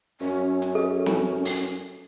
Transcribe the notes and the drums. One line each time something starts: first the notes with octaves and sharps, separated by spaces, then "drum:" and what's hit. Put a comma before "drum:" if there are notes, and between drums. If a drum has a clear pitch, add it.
F#2 C#4
drum: hi-hat
C#4 A4
drum: snare
drum: open hi-hat